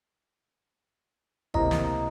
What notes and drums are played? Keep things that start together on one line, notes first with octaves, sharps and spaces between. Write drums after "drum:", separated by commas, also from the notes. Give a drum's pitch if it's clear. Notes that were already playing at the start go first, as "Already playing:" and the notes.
C#2 A2 C3 A#3 D#5 A#5, drum: kick
drum: snare